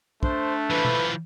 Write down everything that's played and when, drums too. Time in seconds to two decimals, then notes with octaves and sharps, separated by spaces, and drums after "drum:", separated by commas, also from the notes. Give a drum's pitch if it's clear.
0.23 A3 D4 C5, drum: kick
0.70 E3 F3 B4
0.85 drum: tom